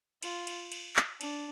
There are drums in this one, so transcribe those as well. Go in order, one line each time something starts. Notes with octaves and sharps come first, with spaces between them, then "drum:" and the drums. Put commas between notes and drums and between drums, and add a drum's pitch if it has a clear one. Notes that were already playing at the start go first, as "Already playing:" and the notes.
F4, drum: cymbal
drum: cymbal
drum: cymbal
drum: clap
D4, drum: cymbal